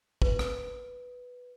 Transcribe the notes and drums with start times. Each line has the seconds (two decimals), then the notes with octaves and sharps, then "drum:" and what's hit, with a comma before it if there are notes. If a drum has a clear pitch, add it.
0.22 B4, drum: kick
0.39 drum: rim click